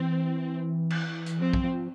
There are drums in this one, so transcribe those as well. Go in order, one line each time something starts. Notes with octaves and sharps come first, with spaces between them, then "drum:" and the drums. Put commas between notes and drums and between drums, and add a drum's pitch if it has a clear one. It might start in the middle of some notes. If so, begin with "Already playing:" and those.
Already playing: E3 C4
drum: cymbal
drum: hi-hat
F3 C4
drum: kick
F3